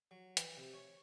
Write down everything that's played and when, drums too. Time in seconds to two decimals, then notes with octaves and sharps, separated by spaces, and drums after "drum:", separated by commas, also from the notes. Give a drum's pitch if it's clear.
0.11 F#3
0.37 E3, drum: hi-hat
0.57 C3
0.74 C#5